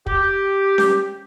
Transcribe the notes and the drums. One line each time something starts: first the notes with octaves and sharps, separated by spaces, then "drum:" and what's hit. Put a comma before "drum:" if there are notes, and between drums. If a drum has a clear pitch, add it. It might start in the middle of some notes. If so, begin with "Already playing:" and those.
G4, drum: kick
drum: snare C#4